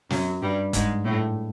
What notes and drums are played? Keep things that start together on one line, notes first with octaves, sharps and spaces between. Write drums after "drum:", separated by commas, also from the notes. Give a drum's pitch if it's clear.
F#2 F#3, drum: snare
G2 G3
G#2 G#3, drum: kick F1, hi-hat
A2 A3